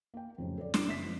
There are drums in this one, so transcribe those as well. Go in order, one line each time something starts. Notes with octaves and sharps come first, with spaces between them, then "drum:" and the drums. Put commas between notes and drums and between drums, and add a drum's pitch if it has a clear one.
A#3 G5
F2 A2 C#3 F#3
A4 C#5 D5
G3 C#4 D6 C7 D7 E7, drum: snare
F#1 E5 B6
F3 B3